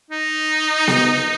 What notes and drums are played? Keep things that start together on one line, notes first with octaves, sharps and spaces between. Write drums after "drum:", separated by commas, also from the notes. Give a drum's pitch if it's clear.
D#4
drum: snare B3